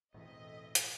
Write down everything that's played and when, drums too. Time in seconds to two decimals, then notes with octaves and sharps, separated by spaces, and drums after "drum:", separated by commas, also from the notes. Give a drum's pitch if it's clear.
0.14 E1 A2 E3 C4 A4 D#5 E5
0.75 drum: hi-hat